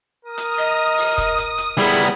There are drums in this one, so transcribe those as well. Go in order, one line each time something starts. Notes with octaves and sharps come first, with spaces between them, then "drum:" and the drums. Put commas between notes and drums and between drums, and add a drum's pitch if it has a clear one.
A#4 D#6
drum: hi-hat
D#5
drum: open hi-hat
drum: kick, hi-hat
drum: hi-hat
drum: hi-hat
G3 B3 E4 G#4